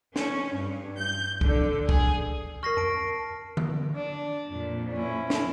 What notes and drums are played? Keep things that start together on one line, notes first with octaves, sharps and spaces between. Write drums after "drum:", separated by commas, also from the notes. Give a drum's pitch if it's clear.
C#4, drum: snare
G2
G6
D3, drum: kick
G#4, drum: kick
A#4 C#6 F6 A#6 C7
A5 D7, drum: tom F2
drum: tom D3
D4
F2 A#2
C#4 E4
drum: snare